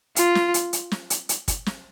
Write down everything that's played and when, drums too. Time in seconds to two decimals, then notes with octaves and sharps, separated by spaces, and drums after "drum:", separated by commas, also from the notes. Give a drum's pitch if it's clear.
0.16 F4, drum: hi-hat
0.35 drum: snare
0.54 drum: hi-hat
0.73 drum: hi-hat
0.91 drum: snare
1.10 drum: hi-hat
1.29 drum: hi-hat
1.48 drum: kick, hi-hat
1.66 drum: snare